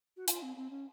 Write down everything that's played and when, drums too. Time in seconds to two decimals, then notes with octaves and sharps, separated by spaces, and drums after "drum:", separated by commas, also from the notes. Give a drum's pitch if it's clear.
0.17 F#4
0.28 F4, drum: hi-hat
0.42 C4
0.56 C4
0.70 C#4